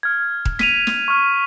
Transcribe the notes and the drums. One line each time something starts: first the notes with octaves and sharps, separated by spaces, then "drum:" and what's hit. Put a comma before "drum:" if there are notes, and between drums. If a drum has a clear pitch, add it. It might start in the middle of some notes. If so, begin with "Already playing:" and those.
F6 G#6
drum: kick D#1
B6 D#7 F7, drum: snare
drum: snare
C#6 F6